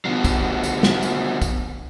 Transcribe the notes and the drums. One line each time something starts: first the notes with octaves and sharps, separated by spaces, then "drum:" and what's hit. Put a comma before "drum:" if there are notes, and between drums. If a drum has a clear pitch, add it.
B2 F3
drum: kick, tambourine
drum: tambourine
drum: snare
drum: tambourine
drum: kick, tambourine